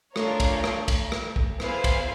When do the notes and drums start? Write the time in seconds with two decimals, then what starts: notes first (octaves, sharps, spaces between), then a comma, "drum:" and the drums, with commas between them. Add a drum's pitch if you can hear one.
0.16 A3 D4 F4 A#4 C#5, drum: rim click
0.40 drum: kick, cymbal
0.64 drum: rim click
0.88 drum: kick, cymbal
1.12 drum: rim click
1.36 drum: kick
1.60 B3 E4 G#4 C5 F5, drum: rim click
1.84 drum: kick, cymbal